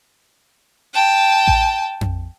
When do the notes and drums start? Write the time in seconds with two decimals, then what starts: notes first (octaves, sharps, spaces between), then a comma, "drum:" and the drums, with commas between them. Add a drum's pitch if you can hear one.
0.94 G5 A5
1.48 drum: kick A1
2.01 drum: tom F2